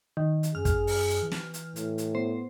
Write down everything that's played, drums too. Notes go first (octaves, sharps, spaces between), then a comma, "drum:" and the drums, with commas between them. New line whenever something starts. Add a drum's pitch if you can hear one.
D#3
drum: hi-hat
F#2 G#4 F6
drum: kick, hi-hat
drum: open hi-hat
drum: hi-hat
E3
drum: snare
drum: hi-hat
A2, drum: hi-hat
drum: hi-hat
B3 C5